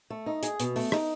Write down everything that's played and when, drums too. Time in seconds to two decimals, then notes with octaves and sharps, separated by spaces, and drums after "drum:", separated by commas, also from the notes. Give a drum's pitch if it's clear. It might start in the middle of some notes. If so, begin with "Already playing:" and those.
0.10 A3
0.26 D#4
0.43 G#4, drum: hi-hat
0.60 B2, drum: hi-hat
0.76 A3, drum: open hi-hat
0.92 D#4, drum: rim click